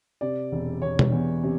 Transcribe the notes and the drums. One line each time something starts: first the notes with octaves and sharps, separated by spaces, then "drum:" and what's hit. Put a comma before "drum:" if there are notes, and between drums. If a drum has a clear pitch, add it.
C3 D5
E1
E1 C#5
drum: tom B2
E2
C3